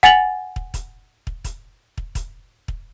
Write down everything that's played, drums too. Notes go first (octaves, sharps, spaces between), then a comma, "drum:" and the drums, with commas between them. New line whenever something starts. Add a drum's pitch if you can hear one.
F#5 G#5 A6 F7 F#7, drum: kick, hi-hat
drum: kick
drum: kick, hi-hat
drum: kick
drum: kick, hi-hat
drum: kick
drum: kick, hi-hat
drum: kick